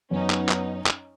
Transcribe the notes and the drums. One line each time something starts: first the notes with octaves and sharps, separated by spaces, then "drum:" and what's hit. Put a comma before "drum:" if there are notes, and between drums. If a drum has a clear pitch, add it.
F#2 B3 C#4 D#4
drum: clap
drum: clap
drum: clap